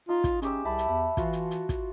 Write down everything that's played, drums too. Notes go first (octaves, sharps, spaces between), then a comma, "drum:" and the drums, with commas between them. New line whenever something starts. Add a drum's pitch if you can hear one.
D#4 F4
drum: kick, hi-hat
G#3 C#4 G4 E6, drum: hi-hat
C2 E5 A5 B5
drum: hi-hat
E2 F#5
E3 F4 F#4 C6, drum: kick, hi-hat
drum: hi-hat
drum: hi-hat
drum: kick, hi-hat